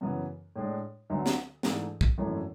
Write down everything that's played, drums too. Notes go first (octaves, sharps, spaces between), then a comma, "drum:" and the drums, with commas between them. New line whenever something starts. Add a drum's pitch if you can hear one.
F#2 C#3 E3 B3
A2 G#3 D4
D2 D3 F#3 B3
drum: snare
G#2 E3 A3 D4 A4, drum: snare
drum: kick
G#1 F#2 E3 A3 E4